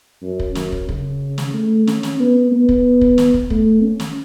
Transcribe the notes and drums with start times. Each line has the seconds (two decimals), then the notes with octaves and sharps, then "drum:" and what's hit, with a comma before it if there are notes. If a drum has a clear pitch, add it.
0.23 F#2
0.39 drum: kick
0.55 F#2, drum: snare
0.72 drum: kick
0.89 C#3, drum: kick
1.38 drum: snare
1.54 A3
1.87 C#4, drum: snare
2.03 drum: snare
2.20 B3
2.52 B3
2.69 drum: kick
3.01 drum: kick
3.18 drum: snare
3.34 drum: kick
3.50 A3, drum: kick
3.83 C#4
4.00 drum: snare